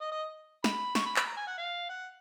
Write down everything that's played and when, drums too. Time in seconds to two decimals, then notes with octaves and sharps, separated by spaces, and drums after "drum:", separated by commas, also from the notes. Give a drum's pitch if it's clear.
0.01 D#5
0.12 D#5
0.64 B5, drum: snare
0.95 C#6, drum: snare
1.06 B5
1.16 B5, drum: clap
1.27 A#5
1.37 G#5
1.47 F#5
1.58 F5
1.89 F#5